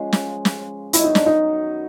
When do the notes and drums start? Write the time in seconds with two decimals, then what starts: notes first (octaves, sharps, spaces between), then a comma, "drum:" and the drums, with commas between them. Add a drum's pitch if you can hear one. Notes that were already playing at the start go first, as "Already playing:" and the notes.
Already playing: C#3 F3 G#3
0.13 drum: snare
0.45 drum: snare
0.93 F#2 D#3 F#3 B3 E4, drum: hi-hat
1.04 D#4
1.15 D4, drum: snare
1.26 D#4